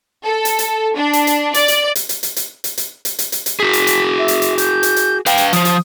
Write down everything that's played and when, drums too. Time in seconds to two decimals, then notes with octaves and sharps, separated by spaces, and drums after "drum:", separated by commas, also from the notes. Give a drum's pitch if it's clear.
0.24 A4
0.45 drum: hi-hat
0.59 drum: hi-hat
0.95 D4
1.13 drum: hi-hat
1.27 drum: hi-hat
1.54 D5, drum: hi-hat
1.68 drum: hi-hat
1.95 drum: hi-hat
2.09 drum: hi-hat
2.23 drum: hi-hat
2.36 drum: hi-hat
2.64 drum: hi-hat
2.78 drum: hi-hat
3.05 drum: hi-hat
3.19 drum: hi-hat
3.32 drum: hi-hat
3.46 drum: hi-hat
3.60 F#4 G#4 B6
3.73 drum: hi-hat
3.87 drum: hi-hat
4.19 E5
4.28 drum: hi-hat
4.42 drum: hi-hat
4.58 G6, drum: hi-hat
4.83 drum: hi-hat
4.96 drum: hi-hat
5.26 B4 F5 G5, drum: hi-hat
5.37 drum: hi-hat
5.53 F3 C5 D#6, drum: hi-hat
5.65 drum: hi-hat